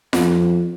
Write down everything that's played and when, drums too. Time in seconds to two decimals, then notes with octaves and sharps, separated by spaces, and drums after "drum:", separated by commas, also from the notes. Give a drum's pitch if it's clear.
0.13 F2, drum: snare F4